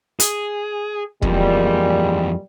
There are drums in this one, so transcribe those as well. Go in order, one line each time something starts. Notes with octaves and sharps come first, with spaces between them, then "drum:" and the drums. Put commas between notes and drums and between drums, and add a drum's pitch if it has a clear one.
G#4, drum: hi-hat
F2 A#2 E3 G3 G#3, drum: kick